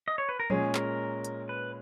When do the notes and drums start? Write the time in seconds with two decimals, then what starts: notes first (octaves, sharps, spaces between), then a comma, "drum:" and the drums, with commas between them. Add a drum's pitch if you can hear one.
0.08 D#5
0.18 C#5
0.29 B4
0.40 A#4
0.50 A#2 G#3 C#4 G#4, drum: tom F3
0.75 A#4, drum: clap
1.24 drum: hi-hat
1.49 B4